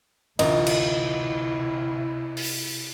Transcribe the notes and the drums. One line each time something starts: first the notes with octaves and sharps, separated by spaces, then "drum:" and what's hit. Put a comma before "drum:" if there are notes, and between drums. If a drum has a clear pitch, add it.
A1 D2 C3 E4 F4 A#4 D#5, drum: cymbal
drum: cymbal
drum: open hi-hat